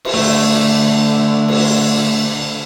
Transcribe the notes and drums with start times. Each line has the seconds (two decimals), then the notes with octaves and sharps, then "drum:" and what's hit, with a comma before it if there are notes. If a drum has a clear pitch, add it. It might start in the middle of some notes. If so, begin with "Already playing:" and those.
0.05 drum: cymbal
0.14 D3 A3
1.48 drum: cymbal